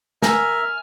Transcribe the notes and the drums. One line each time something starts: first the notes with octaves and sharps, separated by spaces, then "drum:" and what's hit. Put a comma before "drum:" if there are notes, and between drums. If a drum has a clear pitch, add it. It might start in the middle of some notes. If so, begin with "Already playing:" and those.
A#4 E5 G#5 F6, drum: snare